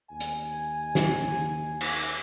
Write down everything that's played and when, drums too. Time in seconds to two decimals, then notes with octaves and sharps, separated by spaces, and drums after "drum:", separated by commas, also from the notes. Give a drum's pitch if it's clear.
0.11 D#2 G#5
0.20 drum: hi-hat
0.95 drum: snare
1.81 drum: cymbal